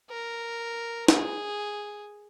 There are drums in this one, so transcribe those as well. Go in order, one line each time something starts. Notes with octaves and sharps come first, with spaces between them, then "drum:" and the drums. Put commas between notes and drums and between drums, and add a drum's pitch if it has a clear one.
A#4
G#4, drum: snare